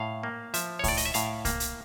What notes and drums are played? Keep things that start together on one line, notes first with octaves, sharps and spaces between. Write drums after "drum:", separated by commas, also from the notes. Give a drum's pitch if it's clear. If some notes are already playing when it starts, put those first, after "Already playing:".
Already playing: A2 F5
A#3
F3 E5, drum: hi-hat
C#5
A2 D5, drum: kick C2, open hi-hat
D#5, drum: hi-hat
E5
A2 F5, drum: hi-hat
A#3, drum: kick C2, hi-hat
drum: hi-hat